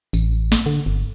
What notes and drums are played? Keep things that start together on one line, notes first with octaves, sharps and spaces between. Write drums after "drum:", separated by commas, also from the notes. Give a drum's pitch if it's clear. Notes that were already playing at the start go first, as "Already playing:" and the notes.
A1, drum: tambourine
drum: snare
D3
G1